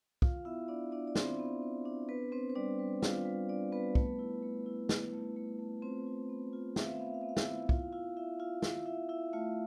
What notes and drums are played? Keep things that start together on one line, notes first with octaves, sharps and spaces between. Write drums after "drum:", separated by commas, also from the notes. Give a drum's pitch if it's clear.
F4 F5, drum: kick
B3 E4 E5
B3 D4 D5
B3 D4 D5
D5
B3 C4 C5, drum: snare
B3
B3
D4
B3 B4
B3 C4 C5
C5
G3 D4 D5
G3
G3 F4 F5, drum: snare
G3
D4 D5
G3 B3 B4
A3, drum: kick
E4
A3
E4
E4, drum: snare
A3
A3
A3
C4 F4 C5
F4
B3
F4
F4 E5, drum: snare
F5
E5
B3 F5
E5
F5
B3 E5
F5
E4 E5, drum: snare
B3
E4 F4 F5, drum: kick
E4 F4 F5
E4 E5
E4 F4 F5
E4 F4 F5, drum: snare
E4 E5
E4 E5
A3 F4 F5